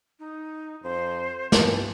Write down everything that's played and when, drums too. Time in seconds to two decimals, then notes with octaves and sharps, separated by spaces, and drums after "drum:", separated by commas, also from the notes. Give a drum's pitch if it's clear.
0.19 D#4
0.83 F2 C5
1.52 E3 A5, drum: snare